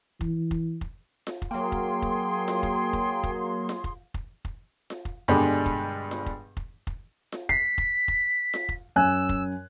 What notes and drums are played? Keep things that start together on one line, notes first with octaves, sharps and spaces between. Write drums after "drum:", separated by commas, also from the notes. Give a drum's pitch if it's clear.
E3, drum: kick F1
drum: kick F1
drum: kick F1
drum: snare F4
drum: kick F1
F#3 A#3 G#4 G5 C6
drum: kick F1
drum: kick F1
drum: snare F4
drum: kick F1
drum: kick F1
drum: kick F1
drum: snare F4
drum: kick F1
drum: kick F1
drum: kick F1
drum: snare F4
drum: kick F1
G2 B2 D3 G3 G#3 D4
drum: kick F1
drum: snare F4
drum: kick F1
drum: kick F1
drum: kick F1
drum: snare F4
B6 C7, drum: kick F1
drum: kick F1
drum: kick F1
drum: snare F4
drum: kick F1
F#2 G#5 E6 F#6
drum: kick F1